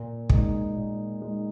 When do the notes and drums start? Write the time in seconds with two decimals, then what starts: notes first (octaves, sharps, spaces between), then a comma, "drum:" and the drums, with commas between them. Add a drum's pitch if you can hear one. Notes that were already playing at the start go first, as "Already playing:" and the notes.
Already playing: A#2
0.30 G#3 D#4, drum: kick
0.76 A#2
1.22 G#3 D#4